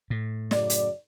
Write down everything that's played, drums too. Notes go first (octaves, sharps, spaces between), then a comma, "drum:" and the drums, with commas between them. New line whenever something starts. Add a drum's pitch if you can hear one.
A2
F#2 C#3 D5, drum: snare
drum: hi-hat